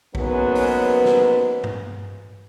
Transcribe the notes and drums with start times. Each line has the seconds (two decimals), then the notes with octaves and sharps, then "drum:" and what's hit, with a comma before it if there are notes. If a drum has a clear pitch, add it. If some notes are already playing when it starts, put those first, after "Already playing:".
0.15 G#2 C#3 F#3 A#3 B3 B4, drum: kick A#1
0.55 drum: open hi-hat
1.05 drum: snare
1.64 drum: tom G2